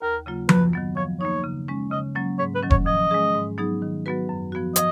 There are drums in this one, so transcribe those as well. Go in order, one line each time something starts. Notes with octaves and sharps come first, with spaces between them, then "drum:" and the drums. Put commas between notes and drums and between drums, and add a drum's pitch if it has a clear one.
D#2 A#4
C#3 F#3 A#3 F4
F#2 B4, drum: tom F3
D#3 F#3 B3
F3 C#5
A#3 D#4 C#5
C#3
G#3 C#4
C#3 D#5
F#3 A#3 C#4
G#2 C#5
B4
D#3 F#3 C#4
C#5, drum: kick E1
F3 D#5
G#3 C#4 G#4
G#2
F#3 B3 D#4 G#4
D#3
F#3 B3 F#4 B4
F#2
F3 B3 F#4
F3 D#5, drum: hi-hat